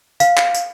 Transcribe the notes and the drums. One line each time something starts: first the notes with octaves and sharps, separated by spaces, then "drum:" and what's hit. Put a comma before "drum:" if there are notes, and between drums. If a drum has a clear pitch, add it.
F5, drum: tambourine
drum: clap
drum: tambourine